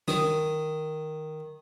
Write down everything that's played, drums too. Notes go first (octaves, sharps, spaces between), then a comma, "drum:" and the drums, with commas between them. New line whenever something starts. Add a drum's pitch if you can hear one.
D#3 D#6, drum: snare